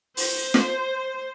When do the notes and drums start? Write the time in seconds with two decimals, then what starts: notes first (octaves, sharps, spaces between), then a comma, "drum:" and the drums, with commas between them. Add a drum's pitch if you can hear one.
0.17 C5, drum: open hi-hat
0.54 drum: snare